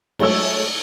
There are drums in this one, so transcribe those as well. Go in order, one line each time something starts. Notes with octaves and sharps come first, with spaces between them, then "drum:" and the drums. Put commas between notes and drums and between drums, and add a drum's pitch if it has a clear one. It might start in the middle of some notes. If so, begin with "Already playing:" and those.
F#3 G#3 A3 C#5 E6, drum: cymbal